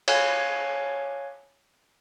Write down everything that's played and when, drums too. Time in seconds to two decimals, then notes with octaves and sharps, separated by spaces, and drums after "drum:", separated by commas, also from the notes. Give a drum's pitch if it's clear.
0.08 C#5 F5 G#5 F#6, drum: cymbal